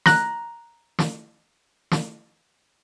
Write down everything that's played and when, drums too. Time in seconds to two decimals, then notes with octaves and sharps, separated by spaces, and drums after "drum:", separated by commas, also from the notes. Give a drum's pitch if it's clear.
0.06 A#5 F#6, drum: snare
0.99 drum: snare
1.91 drum: snare